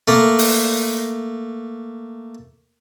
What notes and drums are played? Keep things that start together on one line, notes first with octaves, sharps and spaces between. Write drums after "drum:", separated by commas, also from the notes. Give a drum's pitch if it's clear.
A3 A#3
drum: open hi-hat